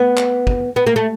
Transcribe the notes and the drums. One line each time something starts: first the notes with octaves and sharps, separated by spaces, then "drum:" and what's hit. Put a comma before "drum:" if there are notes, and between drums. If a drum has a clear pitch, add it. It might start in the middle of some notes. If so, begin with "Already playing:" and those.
Already playing: B3
drum: clap
drum: kick
B3
A#3
A3